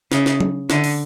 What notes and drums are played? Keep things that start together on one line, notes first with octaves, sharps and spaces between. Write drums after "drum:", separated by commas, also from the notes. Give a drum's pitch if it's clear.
C#3, drum: snare
drum: snare
drum: tom
D3, drum: snare
drum: open hi-hat